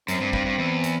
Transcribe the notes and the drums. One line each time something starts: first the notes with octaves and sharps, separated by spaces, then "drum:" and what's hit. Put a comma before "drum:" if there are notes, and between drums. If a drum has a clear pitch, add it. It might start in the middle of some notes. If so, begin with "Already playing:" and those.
F#2 C4, drum: hi-hat
G2
G2, drum: kick G#1
G2
E2
drum: hi-hat